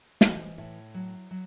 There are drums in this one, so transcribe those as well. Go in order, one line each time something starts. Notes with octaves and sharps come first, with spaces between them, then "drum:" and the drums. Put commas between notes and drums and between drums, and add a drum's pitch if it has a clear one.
E3 C5 D#5, drum: snare
A2 C#5 E5
F#3
F#3